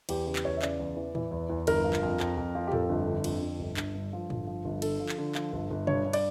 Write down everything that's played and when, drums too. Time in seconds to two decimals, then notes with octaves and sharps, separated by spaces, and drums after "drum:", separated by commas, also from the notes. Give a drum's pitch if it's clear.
0.09 E2 G4, drum: cymbal
0.26 C#3 G4
0.36 drum: clap
0.45 E2 C#5
0.57 E5
0.62 C#3 D5, drum: clap
0.79 E2
0.96 E3
1.15 E3, drum: tom A2
1.31 E2
1.49 E2
1.67 G1 A#4, drum: cymbal
1.84 F3
1.93 drum: clap
2.03 F2
2.20 F2, drum: clap
2.37 F2
2.55 F3
2.67 G4
2.72 F2 A4, drum: tom A2
2.89 G1
3.08 D3
3.24 F2, drum: cymbal
3.42 D3
3.60 G1
3.77 G1, drum: clap
3.95 G2
4.13 F3
4.30 G1, drum: tom A2
4.47 F3
4.65 G1
4.82 D3 A4, drum: cymbal
5.00 F3
5.09 drum: clap
5.18 D3
5.35 F3, drum: clap
5.53 G1
5.70 G1
5.87 G2 C#5, drum: tom B2
6.05 G2
6.13 D5, drum: cymbal